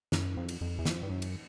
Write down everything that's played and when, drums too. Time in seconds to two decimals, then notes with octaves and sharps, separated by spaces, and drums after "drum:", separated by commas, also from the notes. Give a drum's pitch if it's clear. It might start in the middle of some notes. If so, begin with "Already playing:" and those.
0.12 F#2, drum: snare
0.37 F2
0.49 drum: cymbal
0.61 F2
0.79 E2
0.85 F2, drum: snare
1.03 G2
1.10 F#2
1.22 drum: cymbal